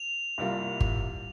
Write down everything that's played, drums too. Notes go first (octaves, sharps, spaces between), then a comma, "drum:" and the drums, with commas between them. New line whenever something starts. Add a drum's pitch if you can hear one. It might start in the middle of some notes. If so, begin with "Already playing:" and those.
Already playing: F7
C2 C3 G3 A#3 F4
drum: kick G1